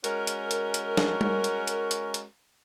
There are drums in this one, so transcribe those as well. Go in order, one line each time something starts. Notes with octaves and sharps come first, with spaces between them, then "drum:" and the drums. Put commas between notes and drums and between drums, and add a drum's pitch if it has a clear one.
G#3 C#4 F#4 A#4, drum: hi-hat
drum: hi-hat
drum: hi-hat
drum: hi-hat
drum: snare
drum: tom G3
drum: hi-hat
drum: hi-hat
drum: hi-hat
drum: hi-hat